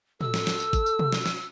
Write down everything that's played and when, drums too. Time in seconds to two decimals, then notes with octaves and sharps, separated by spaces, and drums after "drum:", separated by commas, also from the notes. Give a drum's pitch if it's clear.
0.21 A4 E6, drum: tom
0.34 drum: snare
0.47 drum: snare
0.60 drum: tambourine
0.73 drum: kick G#1, tambourine
0.86 drum: tambourine
0.99 drum: tom
1.12 drum: snare
1.26 drum: snare